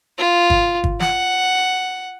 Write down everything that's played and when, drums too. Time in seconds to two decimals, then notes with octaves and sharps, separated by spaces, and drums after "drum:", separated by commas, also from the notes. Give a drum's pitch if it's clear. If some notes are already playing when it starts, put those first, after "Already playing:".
0.18 F4
0.50 drum: kick
0.84 drum: kick
1.00 F#5, drum: snare